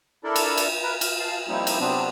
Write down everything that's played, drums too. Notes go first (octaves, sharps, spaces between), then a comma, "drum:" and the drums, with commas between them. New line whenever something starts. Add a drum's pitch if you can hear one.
D4 E4 A4 A#4 D5
drum: cymbal
drum: cymbal
A#4 B4
F6, drum: cymbal
F5 A5
F3 G3 A#3 C4 D#4 E4
drum: cymbal
C3 F#3 B3 C4 D4